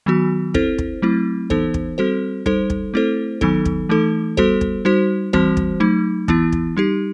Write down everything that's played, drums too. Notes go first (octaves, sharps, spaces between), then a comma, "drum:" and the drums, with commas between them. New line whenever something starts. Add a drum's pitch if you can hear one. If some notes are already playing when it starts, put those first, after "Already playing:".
D#3 F#3 B3 F#4
C4 E4 A4 C5, drum: kick
drum: kick
F#3 A3 C4 E4
E3 B3 D#4 A4 C5, drum: kick
drum: kick
G3 C4 F#4 A4 C5
G3 D#4 A4 C5, drum: kick
drum: kick
A3 C4 E4 A4 C5
D#3 F#3 B3 D#4 A4, drum: kick
drum: kick
E3 A3 D#4 A4
G3 B3 F#4 A4 C5, drum: kick
drum: kick
G3 D#4 F#4 C5
E3 G3 C4 F#4 C5, drum: kick
drum: kick
F#3 A3 D#4
E3 B3 E4, drum: kick
drum: kick
G3 D#4 G4